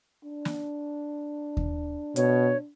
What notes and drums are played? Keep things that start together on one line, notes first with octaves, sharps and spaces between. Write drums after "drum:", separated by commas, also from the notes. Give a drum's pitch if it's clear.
D4
drum: snare
drum: kick D#2
B2 C#5, drum: hi-hat